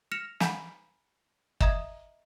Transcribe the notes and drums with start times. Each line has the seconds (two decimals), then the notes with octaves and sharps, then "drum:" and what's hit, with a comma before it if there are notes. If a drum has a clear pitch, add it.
0.12 F6 A#6 C#7 E7 F7
0.40 F#5 G#5 A#5 B5 G6 B6, drum: snare
1.60 D#5 E5 A#5 D#6 G#6, drum: kick